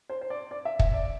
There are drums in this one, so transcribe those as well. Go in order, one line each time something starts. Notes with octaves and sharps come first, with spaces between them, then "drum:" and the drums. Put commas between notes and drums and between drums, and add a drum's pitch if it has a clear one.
C5
C5
D5
D5
E5
E5, drum: kick
D5